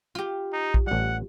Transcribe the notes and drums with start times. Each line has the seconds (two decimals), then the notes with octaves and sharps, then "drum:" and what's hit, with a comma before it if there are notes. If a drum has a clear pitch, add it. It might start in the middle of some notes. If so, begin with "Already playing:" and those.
0.15 F4 G4
0.53 D#4
0.74 drum: kick
0.87 A1 G3 F#5